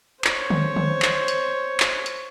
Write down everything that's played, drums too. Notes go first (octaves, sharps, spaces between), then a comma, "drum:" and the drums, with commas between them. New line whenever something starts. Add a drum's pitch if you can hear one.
C5 C#5, drum: clap
drum: tom D3
drum: tom D3
drum: clap
drum: hi-hat
drum: clap
drum: hi-hat